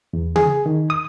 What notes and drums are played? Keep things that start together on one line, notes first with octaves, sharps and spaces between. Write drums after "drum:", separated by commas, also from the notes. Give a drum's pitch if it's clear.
E2
G#4, drum: tom C#3
D#3
D#6